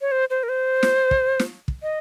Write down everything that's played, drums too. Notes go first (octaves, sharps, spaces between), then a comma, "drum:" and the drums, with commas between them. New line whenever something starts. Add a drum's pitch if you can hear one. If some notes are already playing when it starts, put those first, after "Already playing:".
C#5
C5
C5
A#4
C5
drum: snare
drum: kick
drum: snare
drum: kick
D#5